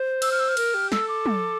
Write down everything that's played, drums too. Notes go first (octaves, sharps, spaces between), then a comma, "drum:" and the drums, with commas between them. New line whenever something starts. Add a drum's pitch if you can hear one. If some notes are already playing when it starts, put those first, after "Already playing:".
Already playing: C5
E6, drum: cymbal
F6
E6
F6
A#4, drum: cymbal
G4
A4 E6, drum: snare
D6
drum: tom